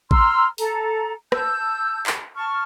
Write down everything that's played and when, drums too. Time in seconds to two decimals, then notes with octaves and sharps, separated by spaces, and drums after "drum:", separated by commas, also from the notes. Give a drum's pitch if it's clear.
0.11 A#5 C6 E6 F6, drum: kick A1
0.58 A4 A#5, drum: open hi-hat
1.32 A5 E6 G6, drum: rim click
2.06 drum: clap
2.35 A5 C#6 F6